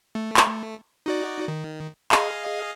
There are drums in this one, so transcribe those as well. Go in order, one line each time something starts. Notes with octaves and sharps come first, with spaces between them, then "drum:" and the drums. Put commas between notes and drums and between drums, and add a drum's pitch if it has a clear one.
A3
drum: clap
D#4 F#4 D5
D#3
G#4 D#5 F5, drum: clap